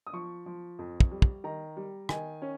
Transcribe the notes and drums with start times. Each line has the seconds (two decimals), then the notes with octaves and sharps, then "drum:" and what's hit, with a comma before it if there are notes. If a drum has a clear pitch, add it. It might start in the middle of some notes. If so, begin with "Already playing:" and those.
0.07 D#6
0.13 F3 C#6
0.46 F3
0.79 F2
1.00 drum: kick
1.11 G3
1.22 drum: kick
1.44 D#3 A#5
1.77 G3
2.09 D#3 G#5, drum: rim click
2.42 C#4